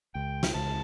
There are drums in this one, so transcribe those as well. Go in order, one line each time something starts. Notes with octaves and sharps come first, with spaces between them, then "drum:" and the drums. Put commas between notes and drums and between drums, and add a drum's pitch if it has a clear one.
C#2 G5
drum: snare
C#2 A5